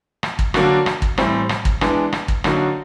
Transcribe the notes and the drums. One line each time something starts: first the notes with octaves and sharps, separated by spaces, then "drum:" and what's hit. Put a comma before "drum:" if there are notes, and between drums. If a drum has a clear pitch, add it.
drum: rim click
drum: kick
D3 F#3 A#3 D4 F#4, drum: rim click
drum: rim click
drum: kick
A2 E3 G3 C4, drum: rim click
drum: rim click
drum: kick
E3 G#3 B3 D4, drum: rim click
drum: rim click
drum: kick
D3 F#3 A#3 D#4 F#4, drum: rim click